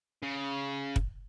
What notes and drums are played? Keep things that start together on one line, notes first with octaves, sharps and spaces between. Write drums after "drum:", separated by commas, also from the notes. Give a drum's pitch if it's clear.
C#3
drum: kick